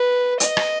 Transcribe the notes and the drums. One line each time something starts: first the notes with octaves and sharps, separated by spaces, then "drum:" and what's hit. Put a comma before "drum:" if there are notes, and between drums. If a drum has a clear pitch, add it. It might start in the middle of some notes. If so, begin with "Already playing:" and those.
Already playing: B4
D#5, drum: hi-hat
drum: rim click